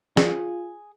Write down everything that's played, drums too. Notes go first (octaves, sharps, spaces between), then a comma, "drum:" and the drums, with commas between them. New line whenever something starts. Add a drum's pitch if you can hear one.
F4 G#4, drum: snare